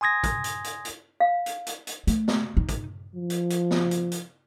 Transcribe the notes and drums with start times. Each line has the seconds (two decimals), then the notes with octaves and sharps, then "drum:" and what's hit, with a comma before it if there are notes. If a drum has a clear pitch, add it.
0.01 G#5 C6 D#6 G#6 A#6
0.24 drum: kick, hi-hat
0.44 drum: hi-hat
0.64 drum: hi-hat
0.85 drum: hi-hat
1.20 F5
1.46 drum: hi-hat
1.67 drum: hi-hat
1.87 drum: hi-hat
2.07 A3, drum: hi-hat
2.28 drum: snare
2.57 D#4
2.69 drum: kick, hi-hat
3.16 F3
3.30 drum: hi-hat
3.50 drum: hi-hat
3.71 drum: snare
3.91 drum: hi-hat
4.12 drum: hi-hat